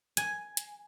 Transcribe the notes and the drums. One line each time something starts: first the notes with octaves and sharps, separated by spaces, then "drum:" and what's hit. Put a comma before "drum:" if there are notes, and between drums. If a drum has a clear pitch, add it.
G#5, drum: hi-hat
drum: hi-hat